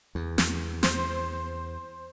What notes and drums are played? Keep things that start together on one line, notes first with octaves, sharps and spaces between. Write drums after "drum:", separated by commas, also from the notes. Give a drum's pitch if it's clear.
E2
drum: snare
C5, drum: snare